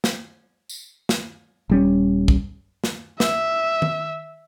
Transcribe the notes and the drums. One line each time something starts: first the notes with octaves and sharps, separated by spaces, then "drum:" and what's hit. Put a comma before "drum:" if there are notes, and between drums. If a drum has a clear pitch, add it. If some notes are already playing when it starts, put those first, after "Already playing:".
drum: snare
drum: tambourine
drum: snare
D#1 G3 C#4
drum: kick A#1
drum: snare
E5, drum: snare
drum: tom D#3